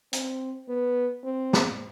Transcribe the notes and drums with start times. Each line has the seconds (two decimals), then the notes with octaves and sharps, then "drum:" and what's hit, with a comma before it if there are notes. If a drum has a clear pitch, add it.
0.13 C4, drum: hi-hat
0.68 B3
1.24 C4
1.53 drum: snare